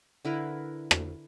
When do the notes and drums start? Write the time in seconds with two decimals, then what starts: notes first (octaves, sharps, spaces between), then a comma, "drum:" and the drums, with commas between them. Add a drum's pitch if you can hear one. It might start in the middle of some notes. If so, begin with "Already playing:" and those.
0.25 D3 E4 A#4 B4
0.91 drum: rim click